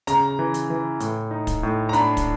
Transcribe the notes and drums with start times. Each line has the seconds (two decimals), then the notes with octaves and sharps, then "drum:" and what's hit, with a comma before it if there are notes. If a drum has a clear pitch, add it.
0.07 C#3 A#5, drum: hi-hat
0.39 E3
0.54 drum: hi-hat
0.70 E3
1.00 A2, drum: hi-hat
1.31 D#4
1.47 drum: kick, hi-hat
1.63 A2
1.89 A#5
1.93 D4 B5, drum: hi-hat
2.17 drum: kick, hi-hat